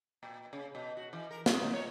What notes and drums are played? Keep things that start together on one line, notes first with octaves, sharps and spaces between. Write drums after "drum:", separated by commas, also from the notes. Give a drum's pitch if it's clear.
A#2
C#3
B2
F#4
E3
A#4
G#3, drum: snare
D#3
C#5